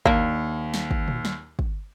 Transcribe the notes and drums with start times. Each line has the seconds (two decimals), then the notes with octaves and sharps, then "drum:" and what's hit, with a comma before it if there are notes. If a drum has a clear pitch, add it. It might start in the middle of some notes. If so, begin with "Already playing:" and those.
0.06 D#2 A#3 D4, drum: kick
0.74 drum: snare
0.91 drum: kick
1.08 drum: tom A#2
1.25 drum: snare
1.59 drum: kick